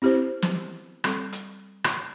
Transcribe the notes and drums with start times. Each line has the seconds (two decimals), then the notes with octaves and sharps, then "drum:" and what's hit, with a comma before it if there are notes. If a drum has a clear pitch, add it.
0.02 C4 E4 G4 C5
0.42 drum: snare
1.04 G3 C4 A4, drum: rim click
1.33 drum: hi-hat
1.84 drum: rim click